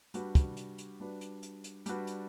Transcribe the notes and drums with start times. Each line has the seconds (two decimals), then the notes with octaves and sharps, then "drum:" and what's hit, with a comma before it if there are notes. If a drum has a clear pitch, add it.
0.14 G3 D4 F#4 B4, drum: hi-hat
0.35 drum: kick, hi-hat
0.57 drum: hi-hat
0.78 drum: hi-hat
1.00 G3 D4 F#4 B4
1.21 drum: hi-hat
1.43 drum: hi-hat
1.64 drum: hi-hat
1.86 G3 D4 F#4 B4, drum: hi-hat
2.07 drum: hi-hat